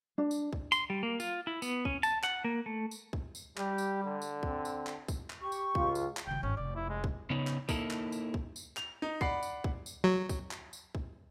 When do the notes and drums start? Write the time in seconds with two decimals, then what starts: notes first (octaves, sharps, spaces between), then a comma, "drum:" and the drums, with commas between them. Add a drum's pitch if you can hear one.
0.18 D4
0.31 drum: tambourine
0.53 drum: kick
0.72 C6, drum: tambourine
0.90 G3
1.03 A#3
1.20 F4, drum: tambourine
1.47 E4
1.62 B3, drum: tambourine
1.85 C#4, drum: kick
2.03 A5, drum: tambourine
2.24 F#5, drum: clap
2.44 A#3
2.66 A3
2.91 drum: tambourine
3.13 drum: kick
3.35 drum: tambourine
3.57 G3 G4, drum: clap
3.78 drum: tambourine
4.04 D3
4.22 drum: tambourine
4.43 C4, drum: kick
4.65 drum: tambourine
4.87 drum: clap
5.08 drum: kick, tambourine
5.30 drum: clap
5.41 G4 C#6
5.52 drum: tambourine
5.75 C#2 F4, drum: kick
5.95 drum: tambourine
6.17 drum: clap
6.27 F#1 D#3 G5
6.43 G#1 C#4
6.57 F1 D5
6.76 E4
6.89 G#3
7.04 drum: kick
7.30 C#3 B3 C#4 D#4
7.47 drum: clap
7.69 A#3 D#4 E4 A4, drum: kick, tambourine
7.91 drum: clap
8.12 drum: tambourine
8.34 drum: kick
8.56 drum: tambourine
8.77 F7, drum: clap
9.02 D#4
9.21 D5 F#5 B5 C7, drum: kick
9.43 drum: tambourine
9.64 drum: kick
9.86 drum: tambourine
10.04 F#3
10.29 drum: kick, tambourine
10.51 drum: clap
10.73 drum: tambourine
10.95 drum: kick